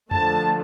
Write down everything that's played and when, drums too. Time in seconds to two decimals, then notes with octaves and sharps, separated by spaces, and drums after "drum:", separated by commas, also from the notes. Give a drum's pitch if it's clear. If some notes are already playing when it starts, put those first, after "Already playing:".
0.11 D3 F3 A3 A5, drum: tom F2